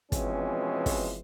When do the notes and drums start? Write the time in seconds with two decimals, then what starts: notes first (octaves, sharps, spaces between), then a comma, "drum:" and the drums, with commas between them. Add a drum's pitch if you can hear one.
0.12 B2 E3 F3 G#3 C4 C#4, drum: kick, hi-hat
0.86 drum: kick, open hi-hat